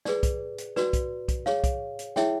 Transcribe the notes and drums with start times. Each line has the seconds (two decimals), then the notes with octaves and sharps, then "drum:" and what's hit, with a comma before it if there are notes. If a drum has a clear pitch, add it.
0.05 G#4 B4 D5, drum: snare
0.23 drum: kick B1, hi-hat
0.58 drum: hi-hat
0.76 F#4 B4 D5, drum: snare
0.93 drum: kick B1, hi-hat
1.28 drum: kick B1, hi-hat
1.46 G#4 C#5 F5, drum: snare
1.64 drum: kick B1, hi-hat
1.99 drum: hi-hat
2.16 E4 G#4 C#5 E5 G5, drum: snare